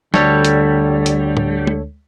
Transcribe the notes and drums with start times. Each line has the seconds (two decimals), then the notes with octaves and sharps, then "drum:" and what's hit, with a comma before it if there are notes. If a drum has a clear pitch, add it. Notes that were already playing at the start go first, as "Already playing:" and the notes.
0.14 D2 D3 G3 A4 C#5, drum: snare
0.45 drum: hi-hat
1.06 drum: hi-hat
1.37 drum: tom
1.67 drum: tom